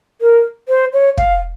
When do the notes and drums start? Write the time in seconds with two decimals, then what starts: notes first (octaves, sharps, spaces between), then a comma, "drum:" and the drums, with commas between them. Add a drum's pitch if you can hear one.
0.21 A#4
0.69 C5
0.93 C#5
1.17 F5, drum: kick